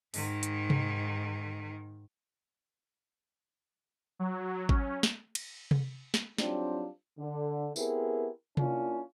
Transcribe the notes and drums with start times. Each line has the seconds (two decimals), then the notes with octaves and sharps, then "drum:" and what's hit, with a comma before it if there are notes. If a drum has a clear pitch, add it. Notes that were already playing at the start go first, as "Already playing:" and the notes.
0.14 G#2 D#3, drum: open hi-hat
0.43 drum: hi-hat
0.70 drum: tom C3
4.19 F#3
4.69 C#4, drum: kick G#1
5.03 drum: snare
5.35 drum: cymbal
5.71 drum: tom C3
6.14 drum: snare
6.38 F#3 G3 C4 D4 D#4 F4, drum: snare
7.19 D3
7.76 B3 C4 E4 G4 G#4 A#4, drum: tambourine
8.57 A#3 C#4 D4 E4 F4, drum: tom C3